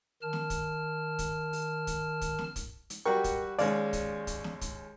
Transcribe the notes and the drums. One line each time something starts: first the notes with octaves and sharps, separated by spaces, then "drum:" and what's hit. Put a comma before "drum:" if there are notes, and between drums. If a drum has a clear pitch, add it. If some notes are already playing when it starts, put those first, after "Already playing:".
D#3 A#4 A5 F6
drum: snare
drum: kick, hi-hat
drum: kick, hi-hat
drum: open hi-hat
drum: kick, hi-hat
drum: kick, hi-hat
drum: snare
drum: kick, hi-hat
drum: hi-hat
G3 F#4 A#4 G5 C#6
drum: kick, hi-hat
D#2 G#3 C#4 D5 F5, drum: open hi-hat
drum: kick, hi-hat
drum: kick, hi-hat
drum: snare
drum: kick, hi-hat